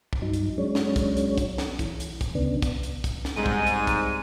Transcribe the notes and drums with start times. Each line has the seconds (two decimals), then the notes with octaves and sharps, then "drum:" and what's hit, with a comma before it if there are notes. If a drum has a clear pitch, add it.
0.13 drum: kick
0.22 G2 F#3 D#4
0.33 drum: hi-hat
0.58 F#3 G#3 C#4 D4 C#5
0.75 drum: snare
0.96 drum: kick, hi-hat
1.17 drum: hi-hat
1.38 drum: kick, hi-hat
1.58 drum: snare
1.79 E3, drum: kick, hi-hat
2.00 drum: hi-hat
2.21 drum: kick, hi-hat
2.35 D2 C#3 B3 D4
2.62 drum: kick, hi-hat
2.83 drum: hi-hat
3.04 drum: kick, hi-hat
3.25 drum: snare
3.36 G#2 G3 G#3 C4 D#7
3.46 drum: kick
3.67 drum: hi-hat
3.87 drum: kick, hi-hat